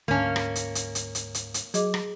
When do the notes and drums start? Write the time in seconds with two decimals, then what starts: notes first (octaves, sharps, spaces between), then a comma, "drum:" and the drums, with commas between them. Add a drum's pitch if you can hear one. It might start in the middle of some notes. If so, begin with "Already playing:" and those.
0.08 D2 G#2 A#3 C#4 F5 A5
0.36 drum: rim click
0.56 drum: hi-hat
0.75 drum: hi-hat
0.95 drum: hi-hat
1.15 drum: hi-hat
1.34 drum: hi-hat
1.54 drum: hi-hat
1.74 F#3 G#4 D#5 D6, drum: hi-hat
1.94 drum: rim click